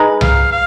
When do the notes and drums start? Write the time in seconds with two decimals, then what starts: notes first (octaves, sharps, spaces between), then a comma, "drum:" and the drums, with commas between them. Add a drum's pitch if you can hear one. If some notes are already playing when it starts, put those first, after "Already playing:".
Already playing: G#3 D#4 G#4 B4
0.21 F5, drum: tom C2
0.51 F5